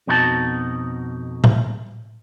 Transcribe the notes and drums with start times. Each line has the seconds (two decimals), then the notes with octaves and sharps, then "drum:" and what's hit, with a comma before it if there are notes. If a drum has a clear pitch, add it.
0.07 F2 B2 D#4 F4 F#4 A5
1.44 drum: tom A2